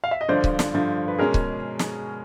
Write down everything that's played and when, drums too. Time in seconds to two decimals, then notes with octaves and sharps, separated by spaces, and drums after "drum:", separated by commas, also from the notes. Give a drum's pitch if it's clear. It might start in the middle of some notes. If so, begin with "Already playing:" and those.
0.04 F5
0.11 E5
0.21 D#5
0.28 G2 D3 F3 C5 D5
0.44 drum: kick C#1
0.59 drum: snare
0.74 G2 D3 F3
1.08 B4
1.18 B2 G#3 C#4 G#4 A#4
1.34 drum: kick C#1
1.79 drum: snare